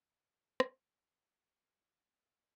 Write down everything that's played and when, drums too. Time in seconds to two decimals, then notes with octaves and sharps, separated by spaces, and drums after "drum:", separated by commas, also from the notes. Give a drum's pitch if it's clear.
0.60 drum: rim click
2.25 F5